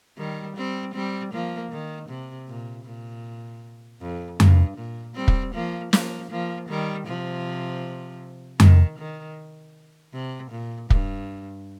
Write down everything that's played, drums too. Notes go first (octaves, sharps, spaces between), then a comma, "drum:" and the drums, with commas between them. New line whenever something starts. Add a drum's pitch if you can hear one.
D#3 G3
G3 C4
G3 C4
F3 A#3
D#3
C3
A#2
A#2
F2
G2, drum: tom F2
A#2
G3 C4
drum: kick
F3 A#3
F3 A#3, drum: snare
F3 A#3
D#3 G3
C3 F3
D#3, drum: tom F2
D#3
C3
A#2
G2, drum: kick